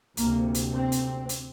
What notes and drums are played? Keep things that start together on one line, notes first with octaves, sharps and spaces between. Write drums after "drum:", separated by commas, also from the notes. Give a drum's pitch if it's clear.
D2 C3 A#3, drum: hi-hat
drum: hi-hat
C4
drum: hi-hat
drum: hi-hat